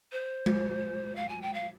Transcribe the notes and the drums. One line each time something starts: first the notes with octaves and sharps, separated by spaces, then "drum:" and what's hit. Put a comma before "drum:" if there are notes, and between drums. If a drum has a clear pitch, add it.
C5
drum: tom G#3
F5
G#5
G5
F5